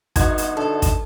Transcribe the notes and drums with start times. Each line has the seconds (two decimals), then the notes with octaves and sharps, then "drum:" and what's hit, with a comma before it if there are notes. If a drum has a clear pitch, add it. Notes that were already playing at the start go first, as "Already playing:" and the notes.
0.16 G1 D#4 F#4 G#6, drum: kick, hi-hat
0.38 drum: hi-hat
0.57 D4 A4
0.82 drum: kick, hi-hat